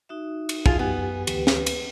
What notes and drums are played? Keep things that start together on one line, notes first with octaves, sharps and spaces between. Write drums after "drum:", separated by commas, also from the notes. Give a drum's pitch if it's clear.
D#4 F#4 E5
drum: cymbal
F4 G#4, drum: kick
F#2 B3 G4 G#5
D2 E3 G4 B4, drum: cymbal
drum: snare
drum: cymbal